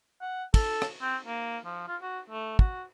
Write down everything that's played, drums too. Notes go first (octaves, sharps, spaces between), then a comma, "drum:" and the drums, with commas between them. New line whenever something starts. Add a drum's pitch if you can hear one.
F#5
A4, drum: kick, cymbal
drum: rim click
C4
A#3
F3
F4
F#4
A3
F#4, drum: kick